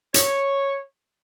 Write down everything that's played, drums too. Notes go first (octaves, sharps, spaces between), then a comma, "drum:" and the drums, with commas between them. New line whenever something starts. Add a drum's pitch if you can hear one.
C#5, drum: hi-hat